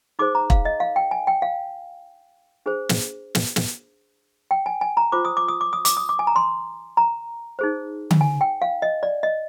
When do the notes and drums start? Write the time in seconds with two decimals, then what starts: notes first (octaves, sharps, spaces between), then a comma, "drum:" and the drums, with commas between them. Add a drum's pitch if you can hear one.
0.19 D#4 G#4 C5 D6
0.35 A#5
0.50 F5, drum: kick E1
0.65 D#5
0.80 F5
0.96 G5
1.11 G#5
1.27 G5
1.42 F5
2.66 D4 G#4 C5
2.89 drum: snare
3.35 drum: snare
3.56 drum: snare
4.51 G5
4.66 G#5
4.81 G#5
4.97 A#5
5.12 F4 C5 D6
5.25 D#6
5.37 D6
5.48 D#6
5.61 D6
5.73 D#6
5.85 D6, drum: hi-hat
5.97 D#6
6.09 D6
6.19 G#5
6.27 A#5
6.36 C6
6.97 A#5
7.59 D#4 G#4 C5
8.11 drum: tom D3
8.21 G#5
8.41 G5
8.62 F5
8.82 D#5
9.03 D5
9.23 D#5